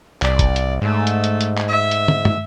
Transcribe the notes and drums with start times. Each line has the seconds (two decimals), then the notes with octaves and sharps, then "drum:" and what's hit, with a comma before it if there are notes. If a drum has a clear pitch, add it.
0.22 C2 D5, drum: clap
0.39 drum: kick, hi-hat
0.56 drum: hi-hat
0.82 G#2 A3
1.07 drum: hi-hat
1.24 drum: hi-hat
1.41 drum: hi-hat
1.58 drum: clap
1.68 E5
1.91 drum: hi-hat
2.08 drum: tom
2.25 drum: tom